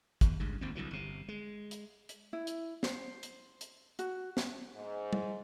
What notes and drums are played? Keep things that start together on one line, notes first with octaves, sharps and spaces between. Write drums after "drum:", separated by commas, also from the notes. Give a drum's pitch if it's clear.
D#2, drum: kick, hi-hat
C#2 G2 C#3
G#1 D#2 A2 C4
C2 D3 E3 F#3
G1 C3
G#3
drum: hi-hat
drum: hi-hat
E4
drum: hi-hat
C5, drum: snare
drum: hi-hat
drum: hi-hat
F#4, drum: hi-hat
drum: snare
G#2
drum: tom G3